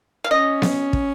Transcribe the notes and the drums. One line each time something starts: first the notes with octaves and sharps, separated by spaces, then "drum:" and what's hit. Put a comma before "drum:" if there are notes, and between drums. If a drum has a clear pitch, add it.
F5
C#4 D#5
drum: snare B3
drum: kick